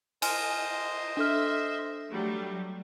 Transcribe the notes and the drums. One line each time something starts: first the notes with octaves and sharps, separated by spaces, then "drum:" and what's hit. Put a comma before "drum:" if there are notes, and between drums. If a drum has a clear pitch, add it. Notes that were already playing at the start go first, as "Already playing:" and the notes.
C5 D#5 G#5 C6 F6, drum: cymbal
D4 A4 E5 F6
F#3 G3 A3